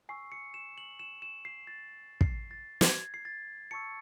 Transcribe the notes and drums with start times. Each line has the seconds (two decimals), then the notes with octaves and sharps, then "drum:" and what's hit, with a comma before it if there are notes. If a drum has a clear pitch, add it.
0.09 G#5 C#6 E6 C7
0.32 C#7
0.54 E7
0.78 F#7
0.99 E7
1.22 E7
1.45 C7
1.67 A6
2.21 C7, drum: kick
2.51 A6
2.81 G#6, drum: snare
3.14 C7
3.25 A6
3.71 A5 C#6 E6 C#7